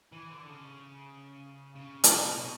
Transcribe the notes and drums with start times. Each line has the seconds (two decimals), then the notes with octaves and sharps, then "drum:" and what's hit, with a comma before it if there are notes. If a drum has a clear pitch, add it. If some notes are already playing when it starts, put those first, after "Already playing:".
0.12 E3
0.30 D3
0.49 C#3
1.76 C#3
2.04 C#3, drum: hi-hat
2.31 B2